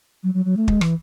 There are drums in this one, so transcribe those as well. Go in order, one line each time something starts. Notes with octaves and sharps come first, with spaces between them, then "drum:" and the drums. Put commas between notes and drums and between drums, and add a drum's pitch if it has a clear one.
F#3
F#3
F#3
A3
G#3, drum: kick
E3, drum: rim click